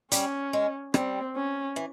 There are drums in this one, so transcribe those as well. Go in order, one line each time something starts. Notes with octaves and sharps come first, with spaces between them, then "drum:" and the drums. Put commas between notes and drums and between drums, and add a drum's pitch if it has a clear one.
G3 C#4, drum: hi-hat
G#3
G3 C4, drum: rim click
C#4
E3